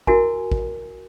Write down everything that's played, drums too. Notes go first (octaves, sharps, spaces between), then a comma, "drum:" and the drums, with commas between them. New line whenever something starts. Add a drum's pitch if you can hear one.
E4 F#4 A#4 G#5, drum: kick
drum: kick